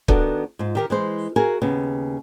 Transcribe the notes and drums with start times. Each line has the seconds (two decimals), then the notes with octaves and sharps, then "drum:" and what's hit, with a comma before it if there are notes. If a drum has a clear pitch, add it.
0.08 D#3 B3 D4 F#4 A4, drum: kick
0.59 G#2 F4
0.75 D#3 G4 A#4
0.90 E3 G#3 C5
1.36 F#4 G#4 A#4 F5 G#5
1.62 D#2 C#3 B3